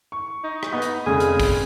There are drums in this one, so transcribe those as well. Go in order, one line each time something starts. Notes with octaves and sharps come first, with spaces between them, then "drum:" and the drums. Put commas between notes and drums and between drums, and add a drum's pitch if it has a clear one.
C#6
D#4
drum: rim click
B3 D#4
drum: hi-hat
F1 C#3 G#4
drum: hi-hat
drum: kick, open hi-hat